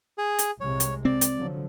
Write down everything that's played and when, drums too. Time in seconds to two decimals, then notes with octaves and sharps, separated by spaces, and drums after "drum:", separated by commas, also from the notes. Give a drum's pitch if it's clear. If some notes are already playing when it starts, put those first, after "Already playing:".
0.18 G#4
0.39 drum: hi-hat
0.60 C2 C3 G#3 C#5
0.80 drum: hi-hat
1.05 C4 D5
1.21 drum: hi-hat
1.38 D3 F3 F#3